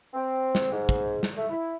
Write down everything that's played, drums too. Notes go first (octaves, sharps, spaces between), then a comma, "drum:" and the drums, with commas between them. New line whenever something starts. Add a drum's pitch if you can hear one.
C4
drum: snare
G#2
drum: kick
drum: snare
A3
E4